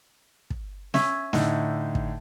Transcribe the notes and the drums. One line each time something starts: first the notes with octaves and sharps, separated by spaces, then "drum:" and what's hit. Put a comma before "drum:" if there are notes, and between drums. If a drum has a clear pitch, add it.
drum: kick
C#4 E5, drum: snare
A2 D3 D#4, drum: snare
drum: kick